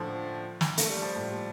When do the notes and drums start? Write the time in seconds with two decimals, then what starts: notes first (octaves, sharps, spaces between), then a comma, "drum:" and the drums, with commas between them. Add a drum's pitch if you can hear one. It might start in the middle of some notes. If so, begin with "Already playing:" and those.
Already playing: A2 D3 F3
0.61 drum: snare
0.77 A3, drum: hi-hat
0.90 G3
1.02 F3
1.16 A2
1.31 G3